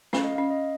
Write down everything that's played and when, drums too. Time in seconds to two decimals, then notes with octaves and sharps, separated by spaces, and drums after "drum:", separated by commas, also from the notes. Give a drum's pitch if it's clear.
0.13 C#4 F5, drum: snare
0.24 D#5
0.36 C#4 F5
0.50 D#5